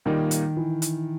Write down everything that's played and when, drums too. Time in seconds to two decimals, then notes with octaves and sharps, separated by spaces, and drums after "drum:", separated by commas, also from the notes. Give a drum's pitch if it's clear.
0.05 A#2 D#3 G3 A#3 D#4
0.31 drum: hi-hat
0.57 E3
0.82 drum: hi-hat